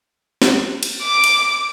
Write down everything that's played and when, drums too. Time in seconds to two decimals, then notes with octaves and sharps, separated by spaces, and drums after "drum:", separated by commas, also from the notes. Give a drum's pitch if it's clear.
0.42 drum: snare
0.83 drum: cymbal
1.03 D6
1.24 drum: cymbal